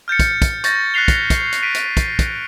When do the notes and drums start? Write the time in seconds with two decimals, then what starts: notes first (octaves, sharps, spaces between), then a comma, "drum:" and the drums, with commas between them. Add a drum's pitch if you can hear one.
0.08 F6 G6 A6 C#7
0.19 drum: kick, hi-hat
0.42 drum: kick, hi-hat
0.64 C#6 G6 A6 A#6, drum: hi-hat
0.94 F#6 A6 B6 C7 F7 G7
1.08 drum: kick, hi-hat
1.30 drum: kick, hi-hat
1.52 drum: hi-hat
1.63 B6 D7 D#7
1.75 drum: hi-hat
1.97 drum: kick, hi-hat
2.19 drum: kick, hi-hat